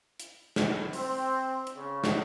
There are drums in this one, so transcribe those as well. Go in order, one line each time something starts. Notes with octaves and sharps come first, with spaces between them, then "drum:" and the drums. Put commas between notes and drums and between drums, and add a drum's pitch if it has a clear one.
drum: hi-hat
drum: snare
C4, drum: open hi-hat
drum: hi-hat
C#3
drum: snare